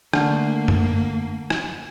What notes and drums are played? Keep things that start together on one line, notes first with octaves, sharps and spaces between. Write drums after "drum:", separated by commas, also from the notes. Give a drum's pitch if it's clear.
D3 A3 A#3 F#5 A5 F6, drum: rim click
drum: tom F#2
drum: rim click